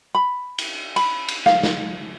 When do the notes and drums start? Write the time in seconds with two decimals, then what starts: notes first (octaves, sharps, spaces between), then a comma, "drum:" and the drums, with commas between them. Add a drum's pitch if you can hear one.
0.15 B5
0.58 drum: cymbal
0.96 B5, drum: cymbal
1.28 drum: cymbal
1.46 F5, drum: snare
1.63 drum: snare